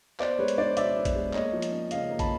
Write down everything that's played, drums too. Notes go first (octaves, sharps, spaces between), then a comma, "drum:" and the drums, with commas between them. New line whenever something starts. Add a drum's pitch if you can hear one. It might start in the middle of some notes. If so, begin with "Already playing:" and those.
B3 C5 D5, drum: clap
G#3 B4 C#5
drum: hi-hat
D4 C5 D5
B2 D5 E5, drum: hi-hat
B3
drum: kick, hi-hat
G#3
A#3 C#5 D#5, drum: clap
F3
drum: hi-hat
C#4
C#3 D#5 F5, drum: hi-hat
A#3
A5 B5, drum: kick, hi-hat